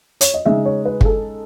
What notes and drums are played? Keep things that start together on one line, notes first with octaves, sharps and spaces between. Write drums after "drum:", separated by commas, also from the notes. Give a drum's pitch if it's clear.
C#5, drum: hi-hat
D#5
C#3 G#3 D#4 E5
C#5
B4
G#4, drum: kick
A4